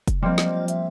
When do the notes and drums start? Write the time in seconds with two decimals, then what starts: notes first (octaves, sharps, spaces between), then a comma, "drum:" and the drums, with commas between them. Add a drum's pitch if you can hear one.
0.08 drum: kick F1, hi-hat
0.23 F3 G3 A#3 C4 D#5
0.38 drum: snare
0.68 E5, drum: hi-hat